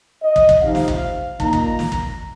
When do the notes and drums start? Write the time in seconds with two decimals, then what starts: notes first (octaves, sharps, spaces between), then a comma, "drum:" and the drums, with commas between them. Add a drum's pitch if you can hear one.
0.23 D#5
0.36 drum: kick
0.49 drum: kick
0.62 C3 F3 D#4 F5
0.75 drum: snare
0.88 drum: kick
1.40 A#2 A#3 D#4 A#5, drum: kick
1.53 drum: kick
1.79 drum: snare
1.92 drum: kick